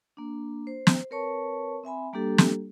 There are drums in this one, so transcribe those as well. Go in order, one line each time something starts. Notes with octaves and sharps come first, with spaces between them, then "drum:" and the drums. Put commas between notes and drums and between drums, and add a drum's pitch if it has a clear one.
A#3 D4
C5
drum: snare
C4 A#4 B4 C#5 A5 C#6
C4 E5 G#5 B5
G3 A#3 D4 G4 A4
drum: snare